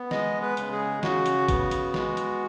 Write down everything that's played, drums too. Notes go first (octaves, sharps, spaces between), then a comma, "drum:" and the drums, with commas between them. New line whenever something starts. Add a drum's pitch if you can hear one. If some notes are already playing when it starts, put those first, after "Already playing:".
Already playing: B3
G#3 D#5, drum: snare
B4
C#3, drum: hi-hat
G#4
C#3 F#4, drum: snare
drum: hi-hat
B3, drum: kick, hi-hat
drum: hi-hat
G#3, drum: snare
drum: hi-hat